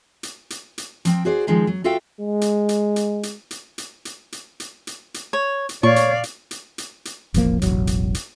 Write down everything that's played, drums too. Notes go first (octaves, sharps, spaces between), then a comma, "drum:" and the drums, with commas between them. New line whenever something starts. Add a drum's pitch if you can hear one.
drum: hi-hat
drum: hi-hat
drum: hi-hat
F3 C4 G5, drum: hi-hat
F#4 G#4 C5 D5
D#3 F3 G#3 C4 D#4
F#3
F4 F#4 A4 E5 F5 G5
G#3
drum: hi-hat
drum: hi-hat
drum: hi-hat
drum: hi-hat
drum: hi-hat
drum: hi-hat
drum: hi-hat
drum: hi-hat
drum: hi-hat
drum: hi-hat
drum: hi-hat
C#5
drum: hi-hat
A#2 C#5 D5 F5 C#6
drum: hi-hat
drum: hi-hat
drum: hi-hat
drum: hi-hat
drum: hi-hat
E1 A1 F3 A#3, drum: hi-hat
E1 A1 D#2 F#3, drum: hi-hat
drum: hi-hat
drum: hi-hat